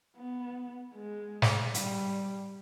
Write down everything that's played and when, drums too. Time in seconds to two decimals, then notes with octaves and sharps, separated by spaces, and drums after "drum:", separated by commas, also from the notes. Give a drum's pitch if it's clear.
0.17 B3
0.95 G#3
1.42 drum: snare
1.74 G3, drum: hi-hat